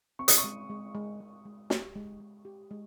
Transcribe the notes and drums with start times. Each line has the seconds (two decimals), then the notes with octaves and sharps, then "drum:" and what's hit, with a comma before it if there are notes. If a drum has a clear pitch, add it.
0.19 C4 C#6
0.28 D#6, drum: hi-hat
0.37 C#6
0.44 G#3
0.70 G#3
0.95 G#3
1.20 G#3
1.45 G#3
1.70 G4, drum: snare
1.95 G#3
2.20 G#3
2.45 G4
2.71 G#3